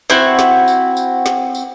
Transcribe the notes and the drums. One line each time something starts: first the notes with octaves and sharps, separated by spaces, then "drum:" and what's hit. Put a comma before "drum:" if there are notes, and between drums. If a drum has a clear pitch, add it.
C4 E4 F#4, drum: snare
drum: snare
drum: tambourine
drum: tambourine
drum: snare
drum: tambourine